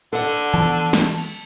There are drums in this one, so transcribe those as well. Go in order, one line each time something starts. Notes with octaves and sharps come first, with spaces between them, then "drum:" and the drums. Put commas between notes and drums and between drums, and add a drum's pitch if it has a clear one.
D3 A4 F#5
E3 F3 B3 A5
drum: snare
drum: cymbal